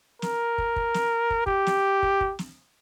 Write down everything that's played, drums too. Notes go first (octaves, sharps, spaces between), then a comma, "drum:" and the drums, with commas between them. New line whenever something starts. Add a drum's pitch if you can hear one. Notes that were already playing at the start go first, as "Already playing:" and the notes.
A#4, drum: snare
drum: kick
drum: kick
drum: snare
drum: kick
G4, drum: kick
drum: snare
drum: kick
drum: kick
drum: snare